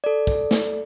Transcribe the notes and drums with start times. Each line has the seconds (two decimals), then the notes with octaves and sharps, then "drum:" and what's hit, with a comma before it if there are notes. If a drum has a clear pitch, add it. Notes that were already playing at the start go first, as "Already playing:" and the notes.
0.04 A4 D5
0.27 drum: kick, tambourine
0.51 drum: snare